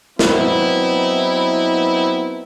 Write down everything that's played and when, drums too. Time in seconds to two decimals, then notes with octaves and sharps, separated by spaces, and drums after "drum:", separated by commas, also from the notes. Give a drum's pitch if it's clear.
0.19 F#3 B3 C4 D#4 E4, drum: snare